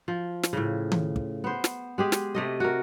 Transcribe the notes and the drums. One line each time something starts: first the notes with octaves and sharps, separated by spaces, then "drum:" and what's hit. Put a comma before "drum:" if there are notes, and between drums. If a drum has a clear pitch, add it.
F3
drum: snare
A2 C#3
drum: tom D#3
drum: kick
B3 C5
drum: snare
G#3 G4 G#4
drum: snare
C3 A3 D#5
F#4 A#4